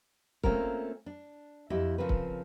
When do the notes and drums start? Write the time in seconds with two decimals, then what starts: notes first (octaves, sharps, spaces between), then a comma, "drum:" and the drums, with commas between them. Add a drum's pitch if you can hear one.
0.44 A3 A#3 C4 C#4 F4 A#4, drum: kick C#1
1.06 D4
1.70 F2 E4 G4 D#5 E5
1.98 C#3 F3 C4 F4 A#4 B4
2.09 drum: kick C#1